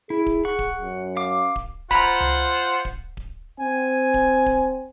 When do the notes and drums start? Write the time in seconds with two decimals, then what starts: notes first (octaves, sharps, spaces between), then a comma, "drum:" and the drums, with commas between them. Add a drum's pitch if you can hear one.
0.10 E4 G#4
0.26 drum: kick D1
0.45 F#5 C#6
0.59 drum: kick D1
0.81 F#2
1.17 F5 D6
1.56 drum: kick D1
1.91 F4 C5 F#5 A#5 B5, drum: kick D1
2.20 drum: tom C#2
2.85 drum: kick D1
3.17 drum: kick D1
3.60 C4 G#5
4.14 drum: kick D1
4.46 drum: kick D1